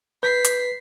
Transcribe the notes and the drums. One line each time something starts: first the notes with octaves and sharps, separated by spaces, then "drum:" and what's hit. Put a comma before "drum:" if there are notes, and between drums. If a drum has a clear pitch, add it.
B4 G6 B6 C7
drum: hi-hat